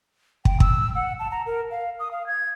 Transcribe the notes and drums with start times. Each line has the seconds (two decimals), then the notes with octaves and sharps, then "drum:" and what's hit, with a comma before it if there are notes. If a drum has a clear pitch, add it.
0.45 G5, drum: kick
0.60 E6, drum: kick
0.95 F#5
1.19 A5
1.31 A#5
1.46 A#4
1.71 F5
1.99 D#6
2.11 F5
2.27 G#6